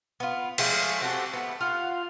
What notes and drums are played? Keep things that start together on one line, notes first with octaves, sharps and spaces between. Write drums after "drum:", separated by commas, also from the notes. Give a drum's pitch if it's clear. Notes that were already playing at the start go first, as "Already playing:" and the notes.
B3 F4
F3 G#3 A3, drum: cymbal
C4 F#4 G4 A4
A3 B3
F4 F5 F#5